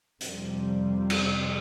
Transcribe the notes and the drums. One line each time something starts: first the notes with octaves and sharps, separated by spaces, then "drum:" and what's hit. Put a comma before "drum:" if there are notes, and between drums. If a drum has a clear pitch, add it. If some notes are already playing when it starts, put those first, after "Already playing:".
F2 C3 G3 C4, drum: hi-hat
drum: cymbal